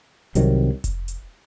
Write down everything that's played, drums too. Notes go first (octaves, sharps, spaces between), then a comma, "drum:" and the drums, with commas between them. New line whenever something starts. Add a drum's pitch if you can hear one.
C2 C3 D#3 F#3, drum: hi-hat
drum: kick F1, hi-hat
drum: hi-hat